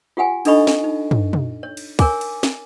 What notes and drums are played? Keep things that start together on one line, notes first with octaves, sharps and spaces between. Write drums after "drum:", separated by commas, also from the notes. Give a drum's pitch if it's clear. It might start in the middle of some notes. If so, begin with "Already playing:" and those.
F4 G4 F#5 G#5
D4 D#4 A4 D#5 B5 C#6, drum: cymbal
drum: snare
D#4
drum: tom
drum: tom
C#5
drum: cymbal
A#4 C#5 G#5 D6, drum: kick, cymbal
drum: cymbal
drum: snare